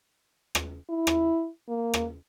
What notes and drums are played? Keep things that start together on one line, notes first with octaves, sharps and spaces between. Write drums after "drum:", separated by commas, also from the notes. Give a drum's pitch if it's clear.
drum: rim click
E4
drum: rim click
A#3
drum: rim click